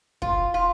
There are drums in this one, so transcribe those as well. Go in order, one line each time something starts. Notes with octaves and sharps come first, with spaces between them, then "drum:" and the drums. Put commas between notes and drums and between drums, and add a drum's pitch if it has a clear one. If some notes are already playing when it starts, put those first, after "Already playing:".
F4, drum: kick
F4